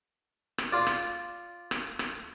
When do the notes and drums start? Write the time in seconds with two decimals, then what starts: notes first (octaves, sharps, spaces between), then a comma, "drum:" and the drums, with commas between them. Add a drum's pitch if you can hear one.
0.58 drum: rim click
0.72 F4 D5
0.87 drum: rim click
1.71 drum: rim click
1.99 drum: rim click